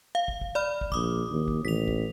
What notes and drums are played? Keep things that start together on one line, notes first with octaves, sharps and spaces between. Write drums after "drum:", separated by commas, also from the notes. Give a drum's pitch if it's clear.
F5
drum: kick
drum: kick
D5 B5 F6
drum: kick
A#1 D6 D#6, drum: kick
D#2
drum: kick
A1 B6 F7
drum: kick